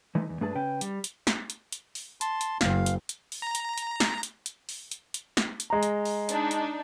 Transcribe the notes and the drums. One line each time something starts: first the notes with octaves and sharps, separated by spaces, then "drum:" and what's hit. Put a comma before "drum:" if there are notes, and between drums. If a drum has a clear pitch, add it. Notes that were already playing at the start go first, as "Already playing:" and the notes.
E3 G#3 A3 D#4
E2
G2 A3 D4 G#4 B4 A5
C#3 C#4 B4 G5
G3, drum: hi-hat
drum: hi-hat
drum: snare
drum: hi-hat
drum: hi-hat
drum: open hi-hat
A5 C6, drum: hi-hat
drum: hi-hat
F#1 F5, drum: snare
drum: hi-hat
drum: hi-hat
drum: open hi-hat
A#5
drum: hi-hat
drum: hi-hat
drum: snare
drum: hi-hat
drum: hi-hat
drum: open hi-hat
drum: hi-hat
drum: hi-hat
drum: snare
drum: hi-hat
G#3 A#5
drum: hi-hat
drum: open hi-hat
D4 D#4, drum: hi-hat
drum: hi-hat